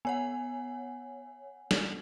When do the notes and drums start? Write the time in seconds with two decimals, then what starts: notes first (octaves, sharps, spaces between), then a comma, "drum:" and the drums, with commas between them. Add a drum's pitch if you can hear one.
0.05 B3 C#5 F#5 G#5
1.71 drum: snare